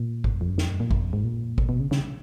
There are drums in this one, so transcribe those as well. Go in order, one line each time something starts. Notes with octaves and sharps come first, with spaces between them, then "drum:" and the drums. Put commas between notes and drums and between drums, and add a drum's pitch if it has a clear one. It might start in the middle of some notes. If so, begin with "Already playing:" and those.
Already playing: A#2
G#2, drum: kick G#1
F#2
F2
F#2
F2, drum: snare
F#2
A#2
F#2, drum: kick G#1
F2
G#2
A#2
B2, drum: kick G#1
B2
C#3
C#3, drum: snare